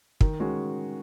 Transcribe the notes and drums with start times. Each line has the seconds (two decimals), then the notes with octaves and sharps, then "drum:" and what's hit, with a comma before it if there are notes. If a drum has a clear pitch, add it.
0.21 D#3, drum: kick
0.40 G#3 C#4 F#4